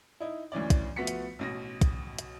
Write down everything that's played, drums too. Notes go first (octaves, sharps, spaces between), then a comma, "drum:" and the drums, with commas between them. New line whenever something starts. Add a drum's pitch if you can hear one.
D#4 E4
D2 E3 C#4 D5
drum: kick, hi-hat
F3 A3 B3 F#4 B6 C#7
drum: hi-hat
A1 B2 A#6
drum: kick, hi-hat
drum: hi-hat